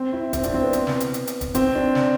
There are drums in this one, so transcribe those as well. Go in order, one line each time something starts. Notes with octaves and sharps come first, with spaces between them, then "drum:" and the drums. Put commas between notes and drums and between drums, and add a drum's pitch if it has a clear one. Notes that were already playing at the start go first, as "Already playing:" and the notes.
Already playing: C4
E4
C4, drum: kick E1, hi-hat
D4, drum: hi-hat
C4
B3
B3, drum: hi-hat
drum: snare
drum: hi-hat
drum: hi-hat
drum: hi-hat
drum: kick E1, hi-hat
C4, drum: hi-hat
D4
drum: snare